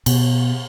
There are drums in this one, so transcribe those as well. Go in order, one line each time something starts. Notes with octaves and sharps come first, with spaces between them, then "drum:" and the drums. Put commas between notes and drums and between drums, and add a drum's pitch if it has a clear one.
B2, drum: cymbal